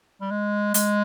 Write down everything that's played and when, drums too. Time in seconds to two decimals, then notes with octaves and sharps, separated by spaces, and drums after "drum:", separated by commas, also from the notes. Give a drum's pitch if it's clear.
0.21 G3
0.31 G#3
0.74 G#3, drum: hi-hat